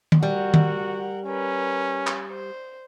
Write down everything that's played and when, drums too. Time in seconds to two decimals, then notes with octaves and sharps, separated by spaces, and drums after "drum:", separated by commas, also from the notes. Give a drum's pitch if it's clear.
0.12 drum: tom D#3
0.23 G3 F#4 A#4 F#5
0.54 drum: tom D#3
1.26 C#4 A#4 B4
2.07 drum: clap
2.30 C5